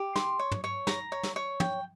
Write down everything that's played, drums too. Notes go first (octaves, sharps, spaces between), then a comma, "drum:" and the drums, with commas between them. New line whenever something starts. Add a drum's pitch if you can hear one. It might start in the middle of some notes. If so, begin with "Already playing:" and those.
Already playing: G4
C6, drum: snare
C#5
drum: tom
C#5
A#5, drum: snare
C#5
drum: snare
C#5
G5, drum: tom